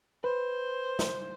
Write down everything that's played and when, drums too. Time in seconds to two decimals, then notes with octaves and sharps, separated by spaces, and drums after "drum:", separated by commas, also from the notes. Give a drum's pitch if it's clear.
0.24 B4 C5
0.99 drum: snare